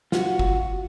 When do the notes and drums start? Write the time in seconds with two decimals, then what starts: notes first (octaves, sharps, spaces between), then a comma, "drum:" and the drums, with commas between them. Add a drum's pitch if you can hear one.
0.12 F4 F#4, drum: snare
0.39 drum: kick